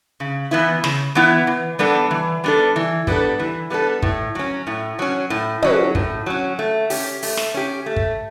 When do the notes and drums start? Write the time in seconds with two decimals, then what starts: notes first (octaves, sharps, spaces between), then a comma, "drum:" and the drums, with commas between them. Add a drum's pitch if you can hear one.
0.20 C#3
0.51 E3 B3 E4
0.84 C#3, drum: snare
1.15 E3 B3 E4
1.47 E3
1.79 G3 B3 D4 A4
2.11 E3
2.44 G3 B3 D4 A4
2.76 E3
3.07 G3 B3 D4 A4, drum: kick
3.39 E3
3.70 G3 B3 D4 A4
4.03 A2, drum: kick
4.35 F#3 C#4
4.67 A2
4.99 F#3 C#4
5.30 A2
5.62 F#3 C#4, drum: tom
5.95 A2, drum: kick
6.26 F#3 C#4
6.59 A3
6.90 C#4 G4, drum: open hi-hat
7.23 A3, drum: open hi-hat
7.37 drum: snare
7.54 C#4 G4
7.86 A3
7.97 drum: kick